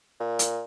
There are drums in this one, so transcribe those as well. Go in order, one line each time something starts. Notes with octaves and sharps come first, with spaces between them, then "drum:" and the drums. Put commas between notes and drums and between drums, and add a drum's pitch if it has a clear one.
A#2
drum: hi-hat